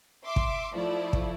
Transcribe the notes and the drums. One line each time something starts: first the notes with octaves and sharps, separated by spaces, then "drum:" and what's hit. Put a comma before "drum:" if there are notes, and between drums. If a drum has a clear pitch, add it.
E5 C6 D6
drum: kick
F3 A3 E4 D5
drum: kick